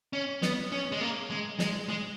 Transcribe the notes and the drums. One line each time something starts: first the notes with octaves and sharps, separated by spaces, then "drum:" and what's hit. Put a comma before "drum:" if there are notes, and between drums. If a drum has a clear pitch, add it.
C#4
B3, drum: snare
C#4
G#3
A#3
G#3
G#3, drum: snare
G#3